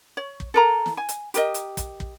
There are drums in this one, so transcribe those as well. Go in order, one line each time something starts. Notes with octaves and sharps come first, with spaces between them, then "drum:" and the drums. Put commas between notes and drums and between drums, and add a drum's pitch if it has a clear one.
C#5
drum: kick
A4 A#4 A#5
drum: snare
G#5
drum: hi-hat
G4 A#4 D#5, drum: hi-hat
drum: hi-hat
drum: kick, hi-hat
drum: kick